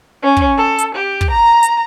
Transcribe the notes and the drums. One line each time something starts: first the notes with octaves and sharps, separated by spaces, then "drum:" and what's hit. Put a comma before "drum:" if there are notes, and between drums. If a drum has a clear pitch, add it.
C#4
drum: kick
A4
drum: hi-hat
G4
drum: kick
A#5
drum: hi-hat